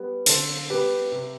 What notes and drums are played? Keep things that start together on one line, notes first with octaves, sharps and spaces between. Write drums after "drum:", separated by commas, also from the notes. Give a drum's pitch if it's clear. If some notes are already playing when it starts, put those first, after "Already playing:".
Already playing: G3 B3
D3 A4 C5, drum: hi-hat
G3 B3 G4 B4
C3